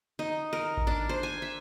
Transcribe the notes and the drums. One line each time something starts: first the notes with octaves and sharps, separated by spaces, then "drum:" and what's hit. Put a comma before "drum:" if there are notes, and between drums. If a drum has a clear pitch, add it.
D#4
A#4
drum: kick G#1
D4
C5
G#5
E5